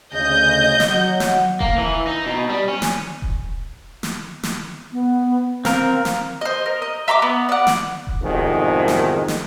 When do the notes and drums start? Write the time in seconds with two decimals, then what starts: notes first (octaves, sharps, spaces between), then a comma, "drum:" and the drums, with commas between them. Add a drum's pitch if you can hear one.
0.14 D2 C#3 D#5 G6
0.80 drum: snare
0.91 F#3 F#5
1.20 drum: snare
1.60 A#3, drum: kick D#1
1.78 E3
2.07 D#4
2.26 B2
2.49 G3
2.68 C#4
2.82 drum: snare
3.22 drum: kick D#1
4.03 drum: snare
4.43 drum: snare
4.93 B3
5.65 C4 A#4 F5, drum: snare
6.05 drum: snare
6.41 C5 D#5
6.66 A#4
6.82 D#5
7.08 E5 A#5 C6 D6
7.22 B3
7.49 D5 F#5
7.67 drum: snare
8.07 drum: kick D#1
8.22 C2 F2 G#2 B2 D#3 G#3
8.88 drum: snare
9.28 drum: snare